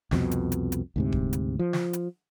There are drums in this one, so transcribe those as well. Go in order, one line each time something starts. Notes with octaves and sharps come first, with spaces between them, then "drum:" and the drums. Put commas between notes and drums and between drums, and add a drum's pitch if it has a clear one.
C2 F2 B2, drum: snare
drum: hi-hat
drum: hi-hat
drum: hi-hat
D2 G#2 C3
drum: kick D#1
drum: hi-hat
F3
drum: snare
drum: hi-hat